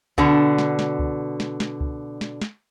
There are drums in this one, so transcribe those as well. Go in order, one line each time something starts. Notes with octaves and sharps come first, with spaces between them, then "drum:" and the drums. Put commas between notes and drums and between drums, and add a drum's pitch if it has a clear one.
B2 D3, drum: kick C#2
drum: snare
drum: snare
drum: kick C#2
drum: snare
drum: snare
drum: kick C#2
drum: snare
drum: snare